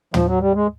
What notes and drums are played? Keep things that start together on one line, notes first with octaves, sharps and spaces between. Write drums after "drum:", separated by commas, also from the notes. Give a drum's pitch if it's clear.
F3, drum: tom
F#3
G3
G#3